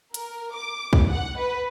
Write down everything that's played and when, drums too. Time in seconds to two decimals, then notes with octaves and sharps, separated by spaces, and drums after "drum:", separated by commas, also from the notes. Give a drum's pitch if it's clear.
0.14 A#4, drum: hi-hat
0.55 D6
0.93 drum: kick
1.08 F#5
1.38 B4